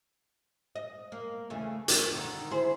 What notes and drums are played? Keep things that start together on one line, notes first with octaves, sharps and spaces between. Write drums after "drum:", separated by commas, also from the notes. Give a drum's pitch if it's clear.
D#5
A#3
E2 C#3 A3
D#3, drum: hi-hat
D3 D#3
E4 G#4 C5